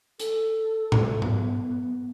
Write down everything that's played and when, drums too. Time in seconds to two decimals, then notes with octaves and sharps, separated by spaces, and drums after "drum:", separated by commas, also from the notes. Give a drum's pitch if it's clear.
0.20 A4, drum: hi-hat
0.92 drum: tom A2
1.22 B3, drum: tom G#2